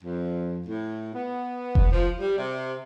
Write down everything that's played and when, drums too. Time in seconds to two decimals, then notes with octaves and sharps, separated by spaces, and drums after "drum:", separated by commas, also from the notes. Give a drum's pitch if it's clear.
0.03 F2
0.67 A2
1.14 B3
1.75 drum: kick F1
1.92 F3
2.20 G3
2.37 C3